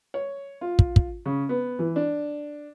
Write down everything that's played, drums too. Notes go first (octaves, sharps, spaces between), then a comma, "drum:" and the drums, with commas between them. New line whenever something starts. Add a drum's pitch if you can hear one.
C#5
F4
drum: kick
drum: kick
C#3
B3
E3
D4